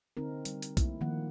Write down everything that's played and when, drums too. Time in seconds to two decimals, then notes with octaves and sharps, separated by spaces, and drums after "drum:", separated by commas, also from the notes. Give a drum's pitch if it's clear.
0.17 D3 C4 D#4 A#4
0.45 G3, drum: hi-hat
0.62 drum: hi-hat
0.77 A3 A#3 E4, drum: kick B1, hi-hat
1.01 D#3 F3 A#3 F#5